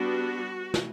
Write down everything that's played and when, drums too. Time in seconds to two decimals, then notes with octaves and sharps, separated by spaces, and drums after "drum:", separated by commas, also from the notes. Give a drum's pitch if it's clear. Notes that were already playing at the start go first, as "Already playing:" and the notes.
Already playing: G3 B3 D4 F#4
0.74 drum: snare